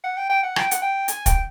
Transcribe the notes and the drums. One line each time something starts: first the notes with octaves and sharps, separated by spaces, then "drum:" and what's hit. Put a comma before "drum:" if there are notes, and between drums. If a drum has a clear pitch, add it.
F#5
G5
G5
F#5
G5, drum: rim click
F#5, drum: hi-hat
G5
G#5, drum: hi-hat
G5, drum: kick, hi-hat